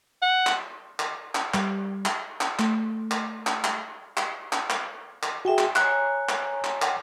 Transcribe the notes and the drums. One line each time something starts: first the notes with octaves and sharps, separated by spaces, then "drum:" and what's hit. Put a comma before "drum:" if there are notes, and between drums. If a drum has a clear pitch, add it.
F#5
drum: clap
drum: clap
drum: clap
G3, drum: clap
drum: clap
drum: clap
A3, drum: clap
drum: clap
drum: clap
drum: clap
drum: clap
drum: clap
drum: clap
drum: clap
F#4 G#4 E5 G5 G#5
drum: clap
C#5 G#5 A#5 F#6, drum: clap
drum: clap
drum: clap
F#5 G5, drum: clap